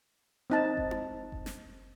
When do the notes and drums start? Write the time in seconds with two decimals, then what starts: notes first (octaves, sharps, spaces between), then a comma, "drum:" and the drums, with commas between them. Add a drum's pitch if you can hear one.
0.50 C4 D#4 A5
0.77 drum: kick F#1
0.91 drum: tom D#4
1.32 drum: kick F#1
1.46 drum: snare